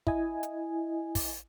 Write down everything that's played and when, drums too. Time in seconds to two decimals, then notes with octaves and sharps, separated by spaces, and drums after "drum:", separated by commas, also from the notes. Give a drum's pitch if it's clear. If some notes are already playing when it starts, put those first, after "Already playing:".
0.07 E4 D#5 G#5, drum: kick
0.43 drum: hi-hat
1.15 drum: kick, open hi-hat